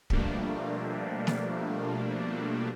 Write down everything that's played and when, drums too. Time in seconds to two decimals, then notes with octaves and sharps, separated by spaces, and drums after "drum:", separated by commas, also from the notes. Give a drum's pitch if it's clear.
0.10 B2 F3 G3 A3 A#3 D4, drum: kick
1.27 drum: snare